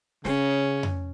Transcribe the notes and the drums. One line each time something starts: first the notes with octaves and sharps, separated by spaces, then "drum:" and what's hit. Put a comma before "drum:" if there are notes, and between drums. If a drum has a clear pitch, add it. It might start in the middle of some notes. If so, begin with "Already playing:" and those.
C#3 C#4, drum: snare
drum: tom F2